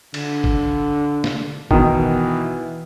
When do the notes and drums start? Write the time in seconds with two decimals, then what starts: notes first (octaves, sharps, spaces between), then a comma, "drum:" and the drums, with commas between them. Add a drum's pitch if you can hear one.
0.14 D3, drum: cymbal
0.44 drum: kick
1.24 drum: snare
1.71 B2 D#3 E3, drum: kick